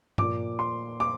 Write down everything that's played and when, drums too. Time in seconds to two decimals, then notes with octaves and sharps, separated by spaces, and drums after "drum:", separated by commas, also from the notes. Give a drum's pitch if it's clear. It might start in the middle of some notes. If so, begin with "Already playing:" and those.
0.18 A#2 F3 D6, drum: tom G2
0.59 C6
1.00 D6